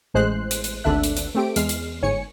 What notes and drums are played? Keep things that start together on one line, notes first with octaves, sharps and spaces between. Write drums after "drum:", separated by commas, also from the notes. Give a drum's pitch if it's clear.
A1 A2 G#3 C5 F#6 C7
drum: hi-hat
drum: hi-hat
G#1 D2 D3 D4 E5 F#6
drum: hi-hat
drum: hi-hat
A3 C4 G4 D7
E2 G#3 F6 C7, drum: hi-hat
drum: hi-hat
G1 G#2 C#5 G#5 C#7